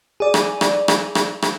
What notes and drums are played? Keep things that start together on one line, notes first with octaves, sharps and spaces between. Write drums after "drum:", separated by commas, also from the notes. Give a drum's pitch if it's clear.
G#4 D5
drum: rim click
drum: rim click
drum: rim click
drum: rim click
drum: rim click